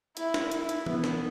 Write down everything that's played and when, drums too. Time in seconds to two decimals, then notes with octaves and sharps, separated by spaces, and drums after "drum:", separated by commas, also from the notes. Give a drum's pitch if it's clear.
0.17 E4, drum: hi-hat
0.34 drum: snare
0.52 E4, drum: hi-hat
0.69 drum: hi-hat
0.86 B3, drum: tom
1.04 drum: snare